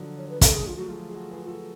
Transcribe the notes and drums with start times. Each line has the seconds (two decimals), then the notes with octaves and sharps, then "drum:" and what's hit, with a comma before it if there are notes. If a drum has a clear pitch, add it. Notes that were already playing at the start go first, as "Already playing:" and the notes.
Already playing: D3 F3 F#3
0.17 C#5
0.30 B4
0.41 A4, drum: kick, hi-hat
0.54 G#4
0.60 A3
0.66 F3 G#3 F4
0.76 F#3 A3 F#4
0.88 F3 G#3 F4
1.09 G#4
1.14 F#4 A4
1.31 G#4 B4
1.47 F#4 A4